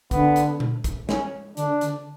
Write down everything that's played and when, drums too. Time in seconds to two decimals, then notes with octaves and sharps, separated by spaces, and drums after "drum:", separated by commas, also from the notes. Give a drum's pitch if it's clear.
0.11 D3 B3, drum: kick, hi-hat
0.36 drum: hi-hat
0.60 drum: tom A#2
0.84 drum: kick, hi-hat
1.09 C#4, drum: snare
1.57 D3 D4, drum: hi-hat
1.81 D3, drum: hi-hat